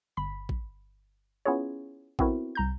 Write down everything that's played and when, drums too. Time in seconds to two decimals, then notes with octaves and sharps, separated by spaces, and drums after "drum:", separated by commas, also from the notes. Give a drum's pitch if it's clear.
0.17 G1 B5 B6
0.49 drum: kick A1
1.45 B3 C#4 E4 F4 G#4 C#5
2.19 B3 C4 E4 F#4 A#4, drum: kick A1
2.55 C2 A#5 G6